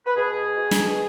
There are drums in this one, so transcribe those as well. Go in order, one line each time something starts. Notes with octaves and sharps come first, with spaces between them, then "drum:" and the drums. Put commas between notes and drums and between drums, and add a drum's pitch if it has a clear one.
B4
B2 G#4
B2
drum: snare